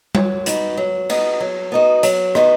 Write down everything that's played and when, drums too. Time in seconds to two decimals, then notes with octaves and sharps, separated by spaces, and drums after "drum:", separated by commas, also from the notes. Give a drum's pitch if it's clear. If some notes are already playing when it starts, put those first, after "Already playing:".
0.15 F#3, drum: tom G3
0.46 B3 D#4 F#4, drum: hi-hat
0.77 F#3
1.10 B3 D#4 F#4, drum: cymbal
1.40 F#3
1.72 B3 D#4 F#4
2.03 F#3, drum: hi-hat
2.35 B3 D#4 F#4, drum: rim click